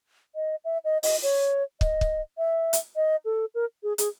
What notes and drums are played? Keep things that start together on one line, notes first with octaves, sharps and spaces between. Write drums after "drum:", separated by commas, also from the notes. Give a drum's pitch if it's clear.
D#5
E5
D#5
D#5, drum: open hi-hat
C#5
D#5, drum: kick
drum: kick
E5
drum: hi-hat
D#5
A4
A#4
G#4
G#4, drum: hi-hat